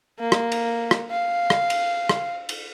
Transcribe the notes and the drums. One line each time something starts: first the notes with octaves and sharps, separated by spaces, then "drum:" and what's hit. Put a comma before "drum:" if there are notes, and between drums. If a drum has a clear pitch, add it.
A#3
drum: rim click
drum: cymbal
drum: rim click
F5
drum: rim click
drum: cymbal
drum: rim click
drum: cymbal